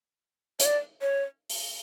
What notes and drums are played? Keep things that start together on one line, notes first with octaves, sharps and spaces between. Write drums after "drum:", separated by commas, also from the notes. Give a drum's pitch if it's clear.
C#5, drum: hi-hat
D5
C#5
drum: open hi-hat